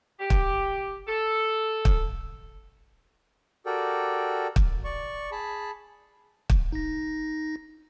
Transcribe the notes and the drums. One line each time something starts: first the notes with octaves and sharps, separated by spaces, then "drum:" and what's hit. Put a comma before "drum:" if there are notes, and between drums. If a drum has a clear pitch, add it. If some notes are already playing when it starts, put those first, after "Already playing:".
G4
drum: kick
A4
drum: kick
F#4 G4 A4 A#4 D5 G5
drum: kick
D5 C#6
G#4 A5 B5
drum: kick
D#4 A#6